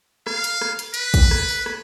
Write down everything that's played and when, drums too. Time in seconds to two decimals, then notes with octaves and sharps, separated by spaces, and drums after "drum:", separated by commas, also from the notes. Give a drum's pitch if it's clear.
0.27 F5, drum: rim click
0.44 drum: hi-hat
0.61 drum: rim click
0.79 drum: hi-hat
0.94 B4, drum: hi-hat
1.14 drum: kick, hi-hat
1.31 drum: rim click
1.49 drum: open hi-hat
1.66 drum: rim click